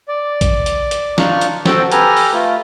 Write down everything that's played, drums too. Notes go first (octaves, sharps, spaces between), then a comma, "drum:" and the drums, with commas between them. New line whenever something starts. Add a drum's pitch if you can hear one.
D5
drum: kick A1, hi-hat
drum: hi-hat
drum: hi-hat
D4 D#4 F4 C#6 F6 F#6, drum: snare
drum: hi-hat
C4 F#4 A4 C5 G5 A5, drum: snare
G4 A4 B4 G#5 A#5 F6, drum: hi-hat
drum: open hi-hat
A3 F4